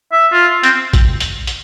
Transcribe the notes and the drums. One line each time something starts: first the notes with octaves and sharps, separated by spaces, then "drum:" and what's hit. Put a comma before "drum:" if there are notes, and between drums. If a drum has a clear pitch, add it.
E5
F4
C4, drum: hi-hat
drum: kick A1, hi-hat
drum: hi-hat
drum: hi-hat